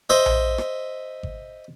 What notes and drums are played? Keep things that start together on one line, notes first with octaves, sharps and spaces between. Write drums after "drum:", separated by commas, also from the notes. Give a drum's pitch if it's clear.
C5 D#5 E5, drum: rim click
drum: tom A#1
drum: rim click
drum: kick G#1